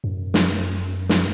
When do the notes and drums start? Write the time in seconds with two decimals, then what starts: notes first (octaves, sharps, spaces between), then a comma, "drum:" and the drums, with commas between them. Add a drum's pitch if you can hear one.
0.04 F#2
0.34 drum: snare
1.09 drum: snare